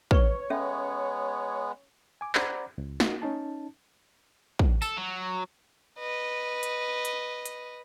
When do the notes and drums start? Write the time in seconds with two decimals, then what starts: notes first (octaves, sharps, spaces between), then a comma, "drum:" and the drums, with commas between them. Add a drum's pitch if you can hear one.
0.11 B4 C#5 C#6, drum: kick
0.50 G#3 B3 C#4 A4 E5
2.21 G#5 D6
2.35 C5 D5 F#5 A#5 B5 D6, drum: clap
2.78 C#2
3.00 A#3 D#4 F#4, drum: snare
3.22 C#4 D#4 A5
4.59 drum: kick
4.82 A4, drum: tambourine
4.97 F#3
5.99 B4 D#5
6.63 drum: hi-hat
7.05 drum: hi-hat
7.46 drum: hi-hat